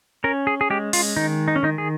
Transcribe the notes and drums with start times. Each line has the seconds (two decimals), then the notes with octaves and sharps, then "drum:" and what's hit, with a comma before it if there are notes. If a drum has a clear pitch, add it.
0.24 C#4 A#4
0.47 G#4
0.61 G#4
0.70 G#3 G4
0.93 F4, drum: open hi-hat
1.16 D#3 D#4
1.48 D#4
1.56 C#4
1.63 D#3 D#4
1.78 G#4